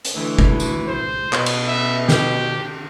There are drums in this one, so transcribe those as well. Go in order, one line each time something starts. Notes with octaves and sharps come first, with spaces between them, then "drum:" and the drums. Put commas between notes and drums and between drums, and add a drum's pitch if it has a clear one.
drum: hi-hat
D2 E3
drum: kick
drum: tambourine
C5
B2, drum: clap
drum: cymbal
E5
G4, drum: snare